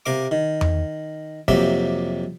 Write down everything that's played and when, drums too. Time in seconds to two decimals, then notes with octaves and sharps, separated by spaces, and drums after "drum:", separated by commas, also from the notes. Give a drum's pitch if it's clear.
0.06 C3 A#4 F5 D6
0.31 D#3
0.61 drum: tom E2
1.48 F2 C3 F#3 A#3 G4 E5, drum: kick